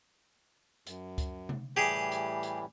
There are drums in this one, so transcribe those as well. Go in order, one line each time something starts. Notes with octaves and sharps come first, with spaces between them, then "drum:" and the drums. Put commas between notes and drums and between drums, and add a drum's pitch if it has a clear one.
F#2, drum: hi-hat
drum: kick C#2, hi-hat
drum: tom C3
A2 E3 G3 G4 G#4
drum: hi-hat
drum: hi-hat